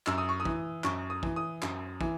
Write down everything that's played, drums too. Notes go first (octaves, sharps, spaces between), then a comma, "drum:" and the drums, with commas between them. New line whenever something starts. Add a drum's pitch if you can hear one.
F#2 E6, drum: clap
D#6
C#6
D#6
E3, drum: kick
F#2 C#6, drum: clap
D#6
E3, drum: kick
D#6
F#2, drum: clap
E3, drum: kick